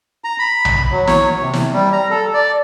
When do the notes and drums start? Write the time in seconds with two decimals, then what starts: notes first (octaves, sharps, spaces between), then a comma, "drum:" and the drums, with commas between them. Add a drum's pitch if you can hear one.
0.24 A#5
0.39 B5
0.65 drum: tom B1
0.91 F#3
1.07 C#5, drum: snare
1.41 C3
1.53 drum: snare
1.73 G3
1.93 A#5
2.10 A4
2.34 D5